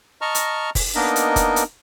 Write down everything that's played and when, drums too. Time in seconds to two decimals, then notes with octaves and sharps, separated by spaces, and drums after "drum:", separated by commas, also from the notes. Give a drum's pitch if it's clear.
0.21 D#5 A5 A#5 C#6 F6
0.35 drum: hi-hat
0.75 drum: kick F1, open hi-hat
0.95 A#3 B3 D4 D#4 A#4 D#5
1.16 drum: hi-hat
1.36 drum: kick F1, hi-hat
1.56 drum: hi-hat